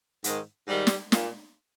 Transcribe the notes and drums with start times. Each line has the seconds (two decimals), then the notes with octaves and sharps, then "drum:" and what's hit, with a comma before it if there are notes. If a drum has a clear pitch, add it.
0.24 G#2 D#3, drum: hi-hat
0.68 G#2 D#3 G3
0.87 drum: snare
1.12 A#2, drum: snare